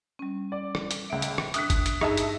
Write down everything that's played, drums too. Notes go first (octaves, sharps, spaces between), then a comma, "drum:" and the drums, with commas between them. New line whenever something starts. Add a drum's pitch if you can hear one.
G3 C#4
D5
drum: rim click
drum: hi-hat
C#2 E5 D7
drum: hi-hat
drum: rim click
D4 E5 D#6 F#6 B6, drum: hi-hat
drum: kick G#1, hi-hat
drum: hi-hat
G2 D#4 G#4 D#5 E5 A5, drum: rim click
drum: hi-hat